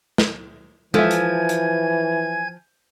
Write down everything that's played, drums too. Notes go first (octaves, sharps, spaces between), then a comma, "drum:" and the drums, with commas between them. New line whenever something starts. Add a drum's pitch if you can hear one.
drum: snare
E3 F3 A4 E5 G#5 G#6, drum: tom G#3
drum: hi-hat
drum: hi-hat